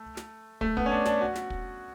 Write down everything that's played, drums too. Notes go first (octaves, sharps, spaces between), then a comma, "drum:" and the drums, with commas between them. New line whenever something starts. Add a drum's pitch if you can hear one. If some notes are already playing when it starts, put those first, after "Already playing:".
Already playing: A3
drum: snare
A3, drum: kick
B3, drum: kick
C#4
D4
D4, drum: snare
F#4
drum: snare
drum: kick